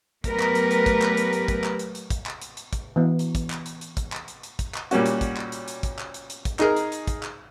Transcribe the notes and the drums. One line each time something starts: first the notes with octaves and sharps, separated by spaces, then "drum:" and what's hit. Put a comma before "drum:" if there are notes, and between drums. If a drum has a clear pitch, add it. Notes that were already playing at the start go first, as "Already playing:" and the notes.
F#3 A3 B3 G4 A#4 B4, drum: kick, hi-hat
drum: clap
drum: hi-hat
drum: hi-hat
drum: kick, hi-hat
drum: clap
drum: hi-hat
drum: hi-hat
drum: kick, hi-hat
drum: clap
drum: hi-hat
drum: hi-hat
drum: kick, hi-hat
drum: clap
drum: hi-hat
drum: hi-hat
drum: kick, hi-hat
E3 B3
drum: hi-hat
drum: kick, hi-hat
drum: clap
drum: hi-hat
drum: hi-hat
drum: kick, hi-hat
drum: clap
drum: hi-hat
drum: hi-hat
drum: kick, hi-hat
drum: clap
A#2 G3 C#4 F#4, drum: hi-hat
drum: hi-hat
drum: kick, hi-hat
drum: clap
drum: hi-hat
drum: hi-hat
drum: kick, hi-hat
drum: clap
drum: hi-hat
drum: hi-hat
drum: kick, hi-hat
D#4 G#4 A#4, drum: clap
drum: hi-hat
drum: hi-hat
drum: kick, hi-hat
drum: clap